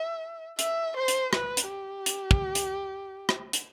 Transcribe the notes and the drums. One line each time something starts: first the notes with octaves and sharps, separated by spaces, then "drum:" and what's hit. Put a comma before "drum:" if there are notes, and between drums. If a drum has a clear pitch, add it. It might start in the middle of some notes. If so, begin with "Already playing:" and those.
Already playing: E5
E5, drum: hi-hat
C5
drum: hi-hat
B4, drum: rim click
drum: hi-hat
G4
drum: hi-hat
drum: kick
drum: hi-hat
drum: rim click
drum: hi-hat